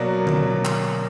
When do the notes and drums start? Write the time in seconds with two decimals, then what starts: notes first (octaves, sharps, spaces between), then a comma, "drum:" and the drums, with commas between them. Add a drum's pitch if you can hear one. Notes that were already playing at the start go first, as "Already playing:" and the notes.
Already playing: B2 F#3 A#3 D5
0.27 D5, drum: tom D3
0.65 drum: clap